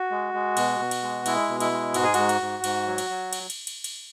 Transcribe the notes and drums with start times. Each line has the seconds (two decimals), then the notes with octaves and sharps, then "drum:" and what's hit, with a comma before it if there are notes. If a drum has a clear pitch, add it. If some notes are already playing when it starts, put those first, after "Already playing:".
Already playing: F#4
0.11 G#3
0.34 G#3
0.57 B2, drum: cymbal
0.80 B2
0.91 drum: cymbal
1.03 G#3
1.26 G#3 E4, drum: cymbal
1.49 B2
1.60 E4, drum: cymbal
1.72 G#3
1.94 G#2 F#4, drum: cymbal
2.04 G#4
2.14 G#2 F#4, drum: cymbal
2.29 drum: cymbal
2.41 G#2
2.64 G#2, drum: cymbal
2.87 F#3
2.98 drum: cymbal
3.10 F#3
3.33 drum: cymbal
3.50 drum: cymbal
3.67 drum: cymbal
3.84 drum: cymbal